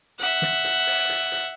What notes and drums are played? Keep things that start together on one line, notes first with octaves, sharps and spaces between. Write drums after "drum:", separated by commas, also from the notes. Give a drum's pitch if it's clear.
E5 F#5, drum: hi-hat
drum: snare
drum: hi-hat
drum: open hi-hat
drum: hi-hat
drum: hi-hat